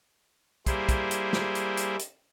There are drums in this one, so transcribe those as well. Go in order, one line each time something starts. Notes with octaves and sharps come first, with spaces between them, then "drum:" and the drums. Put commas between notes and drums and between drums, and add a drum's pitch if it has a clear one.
G3 A#3 E4 G#4 C5, drum: kick, hi-hat
drum: kick, hi-hat
drum: hi-hat
drum: snare
drum: hi-hat
drum: hi-hat
drum: hi-hat